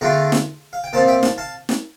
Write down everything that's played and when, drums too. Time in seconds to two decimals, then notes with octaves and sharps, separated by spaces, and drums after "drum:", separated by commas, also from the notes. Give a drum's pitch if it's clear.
0.01 E2 D3 A3 D4 F4 G5 A#5
0.32 drum: snare
0.73 F5
0.84 G5
0.93 A#2 F3 C4 F5 A5
1.08 E5 G5
1.23 F5 A5, drum: snare
1.38 F5 A5
1.69 drum: snare